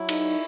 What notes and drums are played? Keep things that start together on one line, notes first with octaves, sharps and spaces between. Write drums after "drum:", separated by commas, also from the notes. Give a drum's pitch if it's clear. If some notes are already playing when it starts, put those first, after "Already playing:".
Already playing: F#3 E4
D#4, drum: cymbal